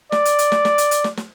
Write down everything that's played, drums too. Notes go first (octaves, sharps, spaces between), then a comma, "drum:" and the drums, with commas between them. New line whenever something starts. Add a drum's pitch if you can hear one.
D5, drum: snare
drum: hi-hat
drum: hi-hat
drum: snare
drum: snare
drum: hi-hat
drum: hi-hat
drum: snare
drum: snare